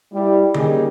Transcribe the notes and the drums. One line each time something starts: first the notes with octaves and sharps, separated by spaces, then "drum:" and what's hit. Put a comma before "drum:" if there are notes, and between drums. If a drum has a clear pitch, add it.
G3 E4
G3 A#3 C#4 D#4 G4 G#4, drum: tom D3